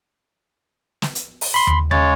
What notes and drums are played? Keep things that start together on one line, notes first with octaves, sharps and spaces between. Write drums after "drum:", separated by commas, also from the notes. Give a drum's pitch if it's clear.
drum: snare
drum: hi-hat
drum: open hi-hat
B5 C6
drum: tom D#2
C#3 G#3 C#5 A6, drum: tom D#2